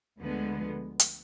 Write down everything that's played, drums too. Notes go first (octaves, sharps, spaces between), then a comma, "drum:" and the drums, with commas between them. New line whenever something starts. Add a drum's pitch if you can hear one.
D2 D3 F3 G#3 B3
drum: hi-hat